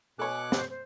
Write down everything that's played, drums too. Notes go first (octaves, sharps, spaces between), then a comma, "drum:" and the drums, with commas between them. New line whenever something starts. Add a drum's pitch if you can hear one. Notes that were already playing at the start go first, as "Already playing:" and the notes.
B2 A4 C#5 G#5 D6 F#6
C5, drum: snare
C5